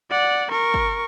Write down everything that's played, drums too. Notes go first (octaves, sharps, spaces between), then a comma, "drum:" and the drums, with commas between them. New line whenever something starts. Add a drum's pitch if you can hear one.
D5 F#5
A#4 C#6
drum: kick